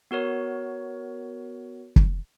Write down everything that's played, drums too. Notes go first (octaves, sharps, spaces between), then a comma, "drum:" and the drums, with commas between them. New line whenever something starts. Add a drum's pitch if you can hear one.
B3 F#4 A#4 C#5
drum: kick